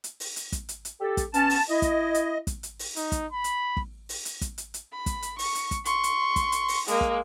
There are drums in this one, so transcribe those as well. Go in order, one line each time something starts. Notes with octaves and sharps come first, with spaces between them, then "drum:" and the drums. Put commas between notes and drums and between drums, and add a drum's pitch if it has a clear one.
drum: hi-hat
drum: open hi-hat
drum: hi-hat
drum: kick, hi-hat
drum: hi-hat
drum: hi-hat
G4 A4
drum: kick, hi-hat
B3 C#4 A5, drum: hi-hat
drum: open hi-hat
E4 D#5
drum: kick, hi-hat
drum: hi-hat
drum: kick, hi-hat
drum: hi-hat
drum: open hi-hat
D#4, drum: hi-hat
drum: kick, hi-hat
B5
drum: hi-hat
drum: kick
drum: open hi-hat
drum: hi-hat
drum: kick, hi-hat
drum: hi-hat
drum: hi-hat
B5
drum: kick, hi-hat
drum: hi-hat
C#6, drum: open hi-hat
drum: hi-hat
drum: kick, hi-hat
C6 C#6, drum: hi-hat
drum: hi-hat
drum: kick, hi-hat
drum: hi-hat
drum: open hi-hat
G#3 A#3, drum: hi-hat
drum: kick